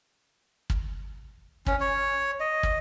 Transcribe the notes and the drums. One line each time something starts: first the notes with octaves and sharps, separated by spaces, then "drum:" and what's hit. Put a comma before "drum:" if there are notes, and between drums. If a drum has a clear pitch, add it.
drum: kick
C#4, drum: kick
C#5
D#5
drum: kick